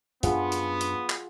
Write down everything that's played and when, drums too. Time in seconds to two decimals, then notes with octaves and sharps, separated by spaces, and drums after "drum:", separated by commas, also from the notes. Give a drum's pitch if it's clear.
0.23 F#2 B3 D4 F4 G#4 F#5, drum: hi-hat
0.52 drum: hi-hat
0.81 drum: hi-hat
1.10 drum: clap